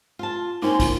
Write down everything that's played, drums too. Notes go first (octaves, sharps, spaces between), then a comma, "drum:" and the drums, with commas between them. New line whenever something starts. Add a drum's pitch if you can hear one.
F4 A5
A#3 C4 C#4 D#4 C6
F4, drum: kick, tambourine